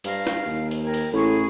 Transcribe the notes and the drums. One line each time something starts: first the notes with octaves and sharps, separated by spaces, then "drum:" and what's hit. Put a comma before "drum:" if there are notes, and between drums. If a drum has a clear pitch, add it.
G2 F5 A#5 F6, drum: cymbal
drum: snare
D#2
drum: cymbal
A#4 G5 G#6
drum: cymbal
A1 A2 G#4 B5 C#6